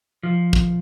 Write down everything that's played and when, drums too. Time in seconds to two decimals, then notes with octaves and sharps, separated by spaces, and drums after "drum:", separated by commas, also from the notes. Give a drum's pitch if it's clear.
0.23 F3
0.53 drum: kick